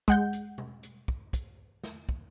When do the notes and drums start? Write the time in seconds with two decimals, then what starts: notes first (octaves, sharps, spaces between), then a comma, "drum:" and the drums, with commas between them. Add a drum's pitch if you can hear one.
0.08 G#3 F#5 G6, drum: kick
0.33 drum: hi-hat
0.58 drum: tom B2
0.83 drum: hi-hat
1.08 drum: kick
1.33 drum: kick, hi-hat
1.84 drum: snare
2.09 drum: kick